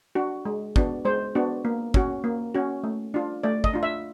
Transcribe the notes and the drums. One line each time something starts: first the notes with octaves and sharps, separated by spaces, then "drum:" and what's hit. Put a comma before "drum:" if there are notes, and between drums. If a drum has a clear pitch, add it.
D4 F#4
G#3
B3 D4 F#4, drum: kick
G#3 C5
B3 D4 F#4
A#3
C#4 F#4, drum: kick
A#3
C#4 F#4
A3
D4 F4
A3 D5
D#5, drum: kick
D4 F4
E5